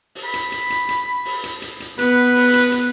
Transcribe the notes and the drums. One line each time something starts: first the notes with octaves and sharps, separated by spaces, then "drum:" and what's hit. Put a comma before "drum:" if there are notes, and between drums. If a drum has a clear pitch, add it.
drum: open hi-hat
B5
drum: hi-hat
drum: hi-hat
drum: hi-hat
drum: hi-hat
drum: open hi-hat
drum: hi-hat
drum: hi-hat
drum: hi-hat
B3 B4, drum: hi-hat
drum: open hi-hat
drum: hi-hat
drum: hi-hat